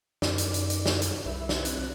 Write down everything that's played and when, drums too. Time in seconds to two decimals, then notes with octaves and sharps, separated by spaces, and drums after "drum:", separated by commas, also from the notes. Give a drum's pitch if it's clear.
0.22 F#2 D#4 D5, drum: snare
0.38 drum: hi-hat
0.54 drum: hi-hat
0.70 drum: hi-hat
0.86 drum: snare
1.02 drum: hi-hat
1.26 C2 B4 E5
1.49 drum: snare
1.65 C4 F#6, drum: hi-hat